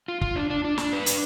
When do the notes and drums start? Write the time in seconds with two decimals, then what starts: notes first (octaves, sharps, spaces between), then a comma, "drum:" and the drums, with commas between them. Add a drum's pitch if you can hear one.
0.08 F4
0.21 F4, drum: kick
0.36 D4
0.50 D4
0.65 D4
0.78 D4, drum: snare
0.93 B4
1.06 D4, drum: hi-hat